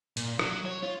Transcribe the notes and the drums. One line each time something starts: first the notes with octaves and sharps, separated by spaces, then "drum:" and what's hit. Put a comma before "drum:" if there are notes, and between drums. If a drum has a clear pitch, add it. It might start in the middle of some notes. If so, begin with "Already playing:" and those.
A#2, drum: hi-hat
F#3, drum: rim click
C#5
F4